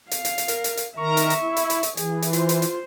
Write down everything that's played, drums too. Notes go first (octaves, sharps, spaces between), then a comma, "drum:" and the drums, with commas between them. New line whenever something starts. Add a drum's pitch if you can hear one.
F5, drum: hi-hat
drum: hi-hat
drum: hi-hat
A#4, drum: hi-hat
drum: hi-hat
drum: hi-hat
D#3 A#4 E5 A#5 C#6
drum: hi-hat
drum: hi-hat
E4
drum: hi-hat
drum: hi-hat
drum: hi-hat
E3 G#4, drum: hi-hat
drum: hi-hat
F4 C5, drum: hi-hat
drum: hi-hat
drum: hi-hat